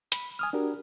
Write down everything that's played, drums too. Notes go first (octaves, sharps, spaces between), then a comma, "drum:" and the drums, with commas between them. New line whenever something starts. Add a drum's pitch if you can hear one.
B5, drum: hi-hat
G#5 D#6 F6
D4 F#4 G4 A#4